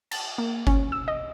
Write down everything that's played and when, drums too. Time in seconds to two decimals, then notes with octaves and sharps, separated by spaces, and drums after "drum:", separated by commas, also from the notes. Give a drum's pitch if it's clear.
0.11 A5, drum: cymbal
0.38 A#3
0.67 C#4, drum: kick G1
0.92 E6
1.08 D#5